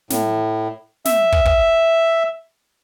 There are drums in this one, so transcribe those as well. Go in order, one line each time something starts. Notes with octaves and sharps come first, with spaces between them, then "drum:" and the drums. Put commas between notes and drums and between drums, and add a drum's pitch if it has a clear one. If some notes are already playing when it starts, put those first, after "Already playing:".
A2, drum: snare
E5, drum: snare
drum: kick
drum: kick